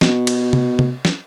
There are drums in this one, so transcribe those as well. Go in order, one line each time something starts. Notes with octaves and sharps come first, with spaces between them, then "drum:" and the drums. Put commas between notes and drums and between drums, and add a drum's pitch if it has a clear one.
B2, drum: snare
drum: cymbal
drum: tom C3
drum: tom C3
drum: snare